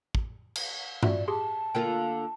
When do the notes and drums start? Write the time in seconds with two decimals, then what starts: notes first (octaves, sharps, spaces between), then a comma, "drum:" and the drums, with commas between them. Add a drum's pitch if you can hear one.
0.15 drum: kick
0.56 drum: cymbal
1.03 F4 F#4 D5 E5, drum: tom G2
1.28 G4 G#4 A5 C6
1.75 D3 A#3 F4 A#4 G5